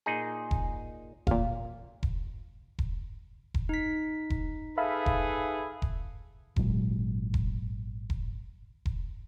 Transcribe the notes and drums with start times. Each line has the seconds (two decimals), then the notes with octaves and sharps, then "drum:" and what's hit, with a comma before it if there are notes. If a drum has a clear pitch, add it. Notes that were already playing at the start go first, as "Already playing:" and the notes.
0.06 A#2 D#4 G#4
0.51 drum: kick E1
1.27 A1 A#2 F5, drum: kick E1
2.03 drum: kick E1
2.79 drum: kick E1
3.54 drum: kick E1
3.69 D#4 B6
4.30 drum: kick E1
4.78 G#4 A4 B4 E5 F5 B5
5.06 drum: kick E1
5.82 drum: kick E1
6.56 G#1 A#2 F#3 G#3, drum: kick E1
7.34 drum: kick E1
8.10 drum: kick E1
8.86 drum: kick E1